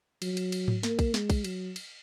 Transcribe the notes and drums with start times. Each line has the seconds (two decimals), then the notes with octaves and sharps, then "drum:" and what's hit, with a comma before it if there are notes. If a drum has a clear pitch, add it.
0.22 F#3, drum: cymbal
0.37 drum: cymbal
0.52 drum: cymbal
0.68 drum: tom G#2
0.83 A#3, drum: snare
0.99 drum: kick, cymbal
1.14 G#3, drum: snare
1.30 drum: kick, cymbal
1.44 F#3, drum: cymbal
1.76 drum: cymbal